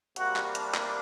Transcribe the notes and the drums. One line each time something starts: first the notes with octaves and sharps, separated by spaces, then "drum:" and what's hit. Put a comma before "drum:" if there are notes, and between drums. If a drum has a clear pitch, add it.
C3 G3 A#3 F#4, drum: hi-hat
drum: clap
D4, drum: hi-hat
drum: clap